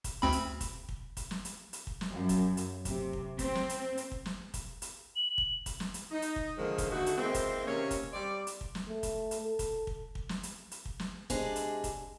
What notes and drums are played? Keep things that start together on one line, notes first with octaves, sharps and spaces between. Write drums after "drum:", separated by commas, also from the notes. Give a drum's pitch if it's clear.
drum: kick, hi-hat
D2 C4 B5
drum: hi-hat
drum: kick, hi-hat
drum: kick
drum: kick, hi-hat
drum: snare
drum: hi-hat
drum: hi-hat
drum: kick
drum: snare
F#2
drum: kick, hi-hat
drum: hi-hat
C3, drum: kick, hi-hat
drum: kick
C4, drum: kick, hi-hat
drum: snare
drum: hi-hat
drum: hi-hat
drum: kick
drum: snare
drum: kick, hi-hat
drum: hi-hat
F#7
drum: kick
drum: kick, hi-hat
drum: snare
drum: hi-hat
D#4
drum: hi-hat
drum: kick
D3 D#3 F3 G#3 A#3
drum: kick, hi-hat
D3 A3 D#4 F#4
drum: hi-hat
E3 G#3 A#3 C4
drum: kick, hi-hat
C3 D#3 A#3 C#4 C#5
drum: kick, hi-hat
G3 C4 D5
drum: hi-hat
drum: kick
drum: snare
A3
drum: kick, hi-hat
drum: hi-hat
A4
drum: kick, hi-hat
drum: kick
drum: kick
drum: snare
drum: hi-hat
drum: hi-hat
drum: kick
drum: snare
C3 G#3 D4, drum: kick, hi-hat
drum: hi-hat
drum: kick, hi-hat